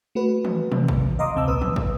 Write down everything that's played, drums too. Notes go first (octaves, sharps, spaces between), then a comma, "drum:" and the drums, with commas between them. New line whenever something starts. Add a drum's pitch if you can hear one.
A3 F#4 B4
drum: tom
C3, drum: tom
drum: kick
D#5 F5 A#5 C6 D6 D#6
D2 C3 C4 A5 D6 E6
B1 A#2 B4 D#6 E6
drum: tom
drum: kick